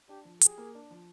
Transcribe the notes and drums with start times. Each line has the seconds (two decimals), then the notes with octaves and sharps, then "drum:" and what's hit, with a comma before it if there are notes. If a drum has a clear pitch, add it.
0.09 D4 G4
0.25 F3
0.41 G4 G#4, drum: hi-hat
0.58 A#3
0.75 D4
0.91 F3